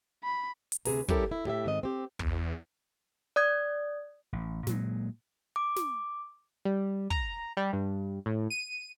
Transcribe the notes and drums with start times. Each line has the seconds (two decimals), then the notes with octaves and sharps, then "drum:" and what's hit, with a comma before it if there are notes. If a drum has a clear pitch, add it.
0.24 B5
0.72 drum: hi-hat
0.85 D2 C3 G#3 G#4 B4 A#5, drum: open hi-hat
1.08 G3 C#4 E4 G4 A4 A#4, drum: kick
1.31 E4
1.45 A2 G4 D#5 E5
1.66 G#2 D#3 C4 D#5
1.83 C4 G4
2.19 E2, drum: kick
3.36 D5 D#6 G#6
4.33 A1
4.67 A#2 F#3 G#3, drum: snare
5.56 D6
5.76 drum: snare
6.65 G3
7.10 A#5, drum: kick
7.57 G3
7.73 G2
8.26 A2
8.50 D#7